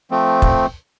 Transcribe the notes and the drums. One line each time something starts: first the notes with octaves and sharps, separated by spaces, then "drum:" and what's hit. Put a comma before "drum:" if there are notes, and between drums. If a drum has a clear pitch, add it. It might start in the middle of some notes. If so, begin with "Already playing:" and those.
F3 A3 C4
drum: kick